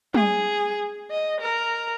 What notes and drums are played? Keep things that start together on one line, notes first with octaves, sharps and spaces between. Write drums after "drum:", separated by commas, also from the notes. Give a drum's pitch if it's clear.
G#4, drum: tom
D#5
A#4